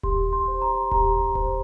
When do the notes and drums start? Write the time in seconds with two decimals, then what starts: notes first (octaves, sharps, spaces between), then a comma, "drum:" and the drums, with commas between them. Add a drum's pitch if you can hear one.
0.03 G4 C6, drum: kick D#1
0.33 C6
0.48 C5
0.62 A#5
0.91 G4 A#5, drum: kick D#1
1.35 C5, drum: kick D#1